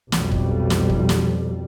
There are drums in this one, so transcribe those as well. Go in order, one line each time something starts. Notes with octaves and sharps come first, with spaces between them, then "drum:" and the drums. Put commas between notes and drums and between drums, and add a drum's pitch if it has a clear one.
B1 F2 G3, drum: snare
drum: kick
drum: snare
drum: kick
drum: snare